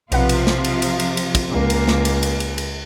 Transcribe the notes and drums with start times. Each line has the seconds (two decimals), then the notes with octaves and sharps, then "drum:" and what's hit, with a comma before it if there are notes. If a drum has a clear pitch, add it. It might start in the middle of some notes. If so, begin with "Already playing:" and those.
0.12 B1 C3 F3 F4 B4 F#5, drum: cymbal
0.29 drum: cymbal
0.47 drum: snare
0.64 drum: cymbal
0.82 drum: cymbal
1.00 drum: cymbal
1.17 drum: cymbal
1.35 drum: kick, cymbal
1.49 C#2 A#3
1.70 drum: cymbal
1.87 drum: snare
2.05 drum: cymbal
2.23 drum: cymbal
2.40 drum: cymbal
2.58 drum: cymbal